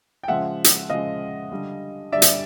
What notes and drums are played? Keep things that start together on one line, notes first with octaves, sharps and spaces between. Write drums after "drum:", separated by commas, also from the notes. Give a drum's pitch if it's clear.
G5
C#3 F3 G#3 E5 F#5
drum: hi-hat
C#3 F3 G#3 D#5 F5
D3 G3
D3 G3 D5 E5
drum: hi-hat